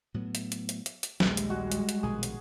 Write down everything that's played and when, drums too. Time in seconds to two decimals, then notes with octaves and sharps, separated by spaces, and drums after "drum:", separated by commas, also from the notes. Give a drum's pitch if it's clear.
0.14 A2 F#3 B3
0.35 drum: hi-hat
0.52 drum: hi-hat
0.69 drum: hi-hat
0.86 drum: hi-hat
1.03 drum: hi-hat
1.20 A#1 D#2 G3 G#3, drum: snare
1.37 drum: hi-hat
1.50 F#4
1.72 drum: hi-hat
1.89 drum: hi-hat
2.03 A#1 B2 D#3 G#4
2.23 drum: hi-hat